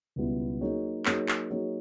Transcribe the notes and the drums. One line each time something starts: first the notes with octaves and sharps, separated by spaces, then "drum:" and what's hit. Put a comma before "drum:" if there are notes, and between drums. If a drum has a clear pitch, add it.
C#2 B2 G3 B3 E4
F#3 A#3 D#4 G#4 C#5
F#3 A#3 D#4 G#4 C#5, drum: clap
drum: clap
F#3 A#3 D#4 G#4 C#5